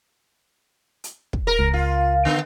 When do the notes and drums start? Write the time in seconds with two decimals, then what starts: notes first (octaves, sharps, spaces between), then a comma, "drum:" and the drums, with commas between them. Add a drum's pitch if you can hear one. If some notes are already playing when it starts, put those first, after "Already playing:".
1.04 drum: hi-hat
1.33 drum: kick
1.47 A#4
1.59 C#2
1.73 F4
2.25 D3 B3